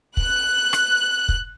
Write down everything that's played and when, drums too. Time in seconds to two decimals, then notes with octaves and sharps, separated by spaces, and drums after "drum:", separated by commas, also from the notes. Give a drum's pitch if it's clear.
0.17 F#6, drum: kick
0.73 drum: rim click
1.29 drum: kick